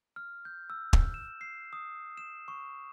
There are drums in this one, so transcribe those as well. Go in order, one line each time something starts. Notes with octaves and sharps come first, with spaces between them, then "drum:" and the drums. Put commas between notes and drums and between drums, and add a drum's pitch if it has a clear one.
F6
G6
E6
drum: kick
E7
C7
D#6
E7
C#6